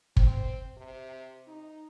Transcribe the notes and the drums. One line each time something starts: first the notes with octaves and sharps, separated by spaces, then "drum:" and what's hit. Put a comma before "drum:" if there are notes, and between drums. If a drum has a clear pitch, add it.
C4, drum: kick
C3
D#4